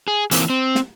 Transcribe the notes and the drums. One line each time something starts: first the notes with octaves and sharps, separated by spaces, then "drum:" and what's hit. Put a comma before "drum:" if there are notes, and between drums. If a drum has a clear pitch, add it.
G#4
E3 A#3 C4, drum: hi-hat
C4
drum: snare